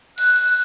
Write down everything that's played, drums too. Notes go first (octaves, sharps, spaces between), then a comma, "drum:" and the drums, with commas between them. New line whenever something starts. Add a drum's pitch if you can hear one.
F#6, drum: cymbal